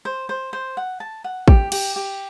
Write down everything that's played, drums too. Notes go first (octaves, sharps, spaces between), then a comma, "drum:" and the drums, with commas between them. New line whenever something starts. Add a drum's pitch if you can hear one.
C5
C5
C5
F#5
A5
F#5
G4, drum: kick
G4, drum: cymbal
G4